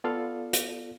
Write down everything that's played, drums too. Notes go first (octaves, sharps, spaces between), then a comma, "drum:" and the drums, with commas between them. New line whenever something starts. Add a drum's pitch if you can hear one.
B3 F4 A4 D5 F5
drum: hi-hat